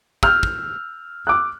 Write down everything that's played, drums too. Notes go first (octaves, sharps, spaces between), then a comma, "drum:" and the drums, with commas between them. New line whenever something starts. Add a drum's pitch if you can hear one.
E6 F6 G6, drum: kick
drum: kick
D6 E6 F#6